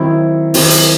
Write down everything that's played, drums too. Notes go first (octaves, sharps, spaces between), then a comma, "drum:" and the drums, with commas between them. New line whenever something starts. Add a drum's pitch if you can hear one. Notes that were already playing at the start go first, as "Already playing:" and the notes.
Already playing: D#3 F#3 C4 E4
D#3 F#3 C4 E4, drum: open hi-hat
drum: hi-hat